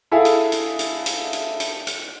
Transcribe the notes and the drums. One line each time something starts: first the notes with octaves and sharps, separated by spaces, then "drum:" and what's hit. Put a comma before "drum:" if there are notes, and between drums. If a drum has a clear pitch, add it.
E4 G#4 A4 E5 F5 G#5
drum: hi-hat
drum: hi-hat
drum: hi-hat
drum: hi-hat
drum: hi-hat
drum: hi-hat
drum: hi-hat